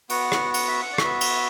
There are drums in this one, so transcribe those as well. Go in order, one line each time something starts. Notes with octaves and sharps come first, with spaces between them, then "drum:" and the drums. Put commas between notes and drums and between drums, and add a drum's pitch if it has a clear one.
B3 F#4 F#5, drum: cymbal
drum: rim click
F#5, drum: cymbal
E5
F#5
D5
B3 F#4 E5, drum: rim click
drum: cymbal